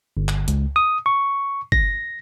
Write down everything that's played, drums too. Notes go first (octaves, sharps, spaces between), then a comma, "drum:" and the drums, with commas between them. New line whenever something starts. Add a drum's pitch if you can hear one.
G1
drum: clap
C#2, drum: hi-hat
D#6
C#6
A#6, drum: kick G1